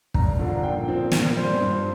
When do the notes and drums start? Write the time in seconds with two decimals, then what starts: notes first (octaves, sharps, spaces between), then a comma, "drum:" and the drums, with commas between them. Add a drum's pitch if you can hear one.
0.14 G2 A#5, drum: kick
0.39 D3 F3 D4
0.62 A#2 G5
0.88 F3 C4
1.11 A#2 A#4, drum: snare
1.36 G3 C4 C5
1.60 G2